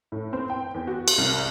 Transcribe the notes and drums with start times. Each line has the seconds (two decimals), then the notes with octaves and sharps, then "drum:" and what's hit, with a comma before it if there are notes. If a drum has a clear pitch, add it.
0.12 A2
0.33 C4
0.50 G5
0.74 E2
0.87 F#4
1.08 drum: cymbal
1.18 C2